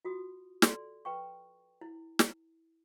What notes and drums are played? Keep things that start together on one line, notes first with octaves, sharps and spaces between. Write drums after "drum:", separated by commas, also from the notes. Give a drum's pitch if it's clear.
F4 F#4 D#6
A4 D5 C6, drum: snare
B4 G5 C#6
E4
drum: snare